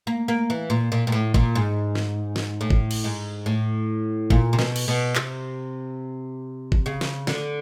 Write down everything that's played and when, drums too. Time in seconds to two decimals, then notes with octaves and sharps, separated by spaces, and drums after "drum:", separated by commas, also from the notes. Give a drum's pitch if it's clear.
0.07 A#3
0.28 A#3
0.50 E3
0.70 A#2
0.92 A#2
1.07 A#2
1.12 A2
1.34 A#2, drum: kick G1
1.55 G#2
1.95 drum: snare
2.36 drum: snare
2.61 A2
2.70 drum: kick G1
2.91 drum: cymbal
3.04 G#2
3.46 A2
4.30 A#2, drum: kick G1
4.53 C3
4.59 B2, drum: snare
4.76 drum: cymbal
4.88 B2
5.15 C3, drum: clap
6.72 drum: kick G1
6.86 C#3
7.01 drum: snare
7.27 D3, drum: snare